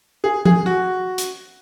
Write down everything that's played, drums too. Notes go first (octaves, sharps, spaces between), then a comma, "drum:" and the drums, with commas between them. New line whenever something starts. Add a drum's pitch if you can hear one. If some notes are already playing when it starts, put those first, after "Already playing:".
G#4
G#4, drum: tom F3
F#4
drum: hi-hat